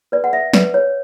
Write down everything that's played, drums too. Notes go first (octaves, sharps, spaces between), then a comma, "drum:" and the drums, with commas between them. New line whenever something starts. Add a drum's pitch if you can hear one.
B4 D5
F#5
E5
B4 D5, drum: snare
C#5